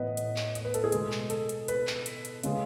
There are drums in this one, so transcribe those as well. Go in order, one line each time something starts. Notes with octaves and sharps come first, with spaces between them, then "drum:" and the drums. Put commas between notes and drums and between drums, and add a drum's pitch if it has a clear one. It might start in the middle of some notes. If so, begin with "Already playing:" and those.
Already playing: A2 E3 B3 B4 D#5 F#5
drum: hi-hat
drum: clap
D#5, drum: hi-hat
B4
A4, drum: hi-hat
G#4
B2 G#3 B3, drum: hi-hat
drum: clap
A4, drum: hi-hat
drum: hi-hat
B4, drum: hi-hat
drum: clap
drum: hi-hat
drum: hi-hat
C#3 G#3 B3, drum: hi-hat